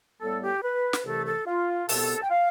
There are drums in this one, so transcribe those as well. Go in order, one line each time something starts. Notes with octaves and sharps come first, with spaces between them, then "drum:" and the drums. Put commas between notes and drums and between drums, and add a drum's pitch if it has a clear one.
A2 G3 B3 A4
G4
B4
drum: snare
C2 C3 E3 A3 A4
A4
F4
C2 B2 B3 A4, drum: open hi-hat
A5
G5
F5